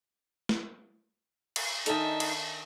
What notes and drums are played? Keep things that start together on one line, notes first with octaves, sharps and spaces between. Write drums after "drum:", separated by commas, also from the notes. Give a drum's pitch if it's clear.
drum: snare
drum: cymbal
D#3 D4 D#4 A4 D5 E5 G#5 A5, drum: hi-hat
drum: cymbal